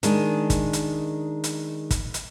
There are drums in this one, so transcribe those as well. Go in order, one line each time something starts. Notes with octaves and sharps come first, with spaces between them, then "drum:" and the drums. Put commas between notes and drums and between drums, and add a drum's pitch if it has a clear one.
D#3 G#3 D4, drum: hi-hat
drum: kick, hi-hat
drum: hi-hat
drum: hi-hat
drum: kick, hi-hat
drum: hi-hat